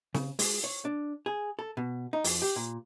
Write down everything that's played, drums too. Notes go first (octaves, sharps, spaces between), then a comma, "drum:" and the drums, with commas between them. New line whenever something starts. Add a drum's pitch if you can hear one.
C#3, drum: snare
G#3, drum: open hi-hat
C#5
D4
G#4
A4
B2
D#4
F2, drum: open hi-hat
G4
A#2